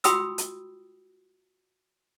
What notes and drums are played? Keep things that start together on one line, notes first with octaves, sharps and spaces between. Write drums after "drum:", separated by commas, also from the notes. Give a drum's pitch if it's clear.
F4 F#4 G5 B5 D#6 E6, drum: hi-hat
drum: hi-hat